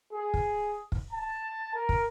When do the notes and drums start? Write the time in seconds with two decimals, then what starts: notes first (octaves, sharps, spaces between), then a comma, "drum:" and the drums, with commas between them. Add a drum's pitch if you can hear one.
0.14 G#4
0.34 drum: kick
0.92 drum: kick
1.11 A5
1.74 A#4
1.89 drum: kick